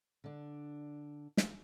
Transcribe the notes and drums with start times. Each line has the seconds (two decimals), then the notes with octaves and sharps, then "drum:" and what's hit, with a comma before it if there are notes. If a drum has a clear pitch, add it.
0.24 D3 D4
1.37 drum: snare